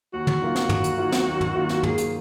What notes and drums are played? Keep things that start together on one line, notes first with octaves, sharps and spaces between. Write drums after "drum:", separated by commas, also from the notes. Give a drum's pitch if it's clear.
D#2 F#4
drum: tom
D#3 F#3 A#3 F4
drum: snare
D#2, drum: tom
drum: hi-hat
D#3 F#3 A#3 F4
drum: snare
D#2
drum: tom
D#3 F#3 A#3 F4
drum: snare
D#2 G#4, drum: tom
drum: hi-hat